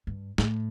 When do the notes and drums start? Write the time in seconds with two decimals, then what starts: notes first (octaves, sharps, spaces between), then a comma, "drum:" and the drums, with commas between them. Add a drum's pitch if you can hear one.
0.07 G2
0.38 A2, drum: snare